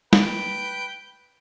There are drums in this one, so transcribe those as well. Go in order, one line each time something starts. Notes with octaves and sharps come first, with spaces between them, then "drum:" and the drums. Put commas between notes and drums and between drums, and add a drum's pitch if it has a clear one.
B4 G5, drum: snare